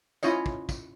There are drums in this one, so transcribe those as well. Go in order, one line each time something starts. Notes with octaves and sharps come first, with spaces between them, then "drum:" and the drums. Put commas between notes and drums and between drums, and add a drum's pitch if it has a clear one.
C#4 E4 F4 C#5 D#5, drum: tambourine
drum: kick
drum: kick, tambourine